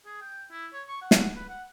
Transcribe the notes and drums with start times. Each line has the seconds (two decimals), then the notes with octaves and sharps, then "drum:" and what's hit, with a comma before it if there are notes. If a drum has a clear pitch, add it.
0.06 G#4
0.22 G5
0.51 E4
0.73 C#5
0.88 C#6
1.02 F#5
1.11 drum: snare
1.36 B4
1.49 F#5